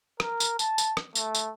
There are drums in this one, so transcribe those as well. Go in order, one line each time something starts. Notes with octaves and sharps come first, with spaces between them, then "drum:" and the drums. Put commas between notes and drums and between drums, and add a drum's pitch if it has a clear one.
A#4, drum: rim click
drum: tambourine
A5, drum: tambourine
drum: tambourine
drum: rim click
A3, drum: tambourine
drum: tambourine